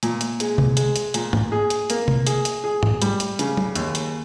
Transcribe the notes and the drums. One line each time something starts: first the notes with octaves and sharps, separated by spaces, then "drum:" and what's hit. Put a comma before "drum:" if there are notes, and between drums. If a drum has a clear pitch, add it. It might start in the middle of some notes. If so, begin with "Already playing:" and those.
A#2, drum: hi-hat
drum: hi-hat
G#3, drum: hi-hat
drum: tom C3
G#3, drum: hi-hat
drum: hi-hat
A#2, drum: hi-hat
drum: tom G#2
G#4
drum: hi-hat
A#3, drum: hi-hat
drum: tom C3
G#4, drum: hi-hat
drum: hi-hat
G#4
drum: tom G#2
G3, drum: hi-hat
drum: hi-hat
C#3, drum: hi-hat
drum: tom F#3
D#2, drum: hi-hat
drum: hi-hat